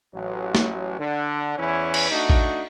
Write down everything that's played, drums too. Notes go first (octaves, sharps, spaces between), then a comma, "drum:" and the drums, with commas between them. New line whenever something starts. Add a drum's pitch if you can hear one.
A1 F#3
drum: snare
D3
E2 E3 C#4 E4
drum: cymbal
A3 D4 D#4 F#4
drum: kick A1